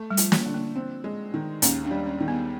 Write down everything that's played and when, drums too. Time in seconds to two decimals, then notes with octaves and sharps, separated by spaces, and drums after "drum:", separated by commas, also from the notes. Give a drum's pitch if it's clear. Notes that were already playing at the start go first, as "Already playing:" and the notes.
Already playing: A3
0.11 G3
0.17 F3, drum: hi-hat
0.32 A#3, drum: snare
0.46 D3
0.54 A#3
0.76 C4
1.04 G#3
1.34 D#3
1.62 D#2 C#4, drum: hi-hat
1.84 D4
1.91 G3
2.06 C#4
2.20 D#3
2.28 B3